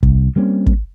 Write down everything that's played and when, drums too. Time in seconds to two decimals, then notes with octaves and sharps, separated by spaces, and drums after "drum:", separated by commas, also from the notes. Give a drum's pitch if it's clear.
0.03 C2, drum: kick
0.36 G3 A#3 C4 C#4
0.66 drum: kick